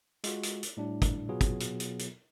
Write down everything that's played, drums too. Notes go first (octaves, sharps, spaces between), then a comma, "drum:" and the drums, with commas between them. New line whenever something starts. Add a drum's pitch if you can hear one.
G#3 F4 F#4, drum: hi-hat
drum: hi-hat
drum: hi-hat
A2 G3 D4
drum: kick, hi-hat
B2 F#3 B3 F4 G#4
drum: kick, hi-hat
drum: hi-hat
drum: hi-hat
drum: hi-hat